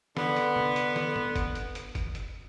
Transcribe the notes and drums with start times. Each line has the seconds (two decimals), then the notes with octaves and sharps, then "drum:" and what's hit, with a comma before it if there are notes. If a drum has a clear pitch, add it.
0.17 D3 B3, drum: snare
0.36 drum: hi-hat
0.56 drum: tom
0.76 drum: hi-hat
0.96 drum: snare
1.16 drum: tom
1.36 drum: kick, hi-hat
1.55 drum: hi-hat
1.75 drum: hi-hat
1.95 drum: kick, hi-hat
2.15 drum: hi-hat